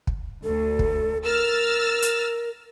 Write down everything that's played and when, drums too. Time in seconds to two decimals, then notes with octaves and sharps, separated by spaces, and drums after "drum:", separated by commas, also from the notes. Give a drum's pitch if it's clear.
0.07 drum: kick
0.44 D2 A4
0.79 drum: kick
1.24 A#4 E6 F6 A6
2.02 drum: hi-hat